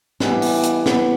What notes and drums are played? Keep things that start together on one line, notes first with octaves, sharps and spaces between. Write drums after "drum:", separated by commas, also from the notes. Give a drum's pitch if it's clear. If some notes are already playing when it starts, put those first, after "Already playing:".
A2 E3 G3 B3, drum: snare
drum: open hi-hat
drum: hi-hat
B3, drum: snare